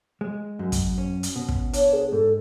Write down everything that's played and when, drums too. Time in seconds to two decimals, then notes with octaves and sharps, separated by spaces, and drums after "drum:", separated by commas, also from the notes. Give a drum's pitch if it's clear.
0.21 G#3
0.59 F#2
0.72 drum: kick, hi-hat
0.98 C#4
1.23 drum: hi-hat
1.36 B2
1.49 drum: kick
1.73 D4 C#5, drum: hi-hat
1.93 G#4
2.12 G#2 A4